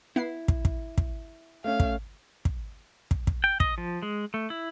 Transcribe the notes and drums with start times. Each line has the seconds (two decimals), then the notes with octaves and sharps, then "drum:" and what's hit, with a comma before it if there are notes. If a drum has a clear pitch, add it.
0.16 B3 E4 F#5 C7
0.48 drum: kick
0.65 drum: kick
0.98 drum: kick
1.64 A3 C#4 F5
1.80 drum: kick
2.45 drum: kick
3.11 drum: kick
3.27 drum: kick
3.44 G5
3.60 D#5, drum: kick
3.78 F3
4.02 G#3
4.34 A3
4.50 E4